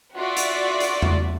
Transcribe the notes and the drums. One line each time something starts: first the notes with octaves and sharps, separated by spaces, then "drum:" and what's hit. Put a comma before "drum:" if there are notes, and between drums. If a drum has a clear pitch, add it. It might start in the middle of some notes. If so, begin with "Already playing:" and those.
F4 F#4 D5 E5
drum: hi-hat
drum: hi-hat
drum: tom E2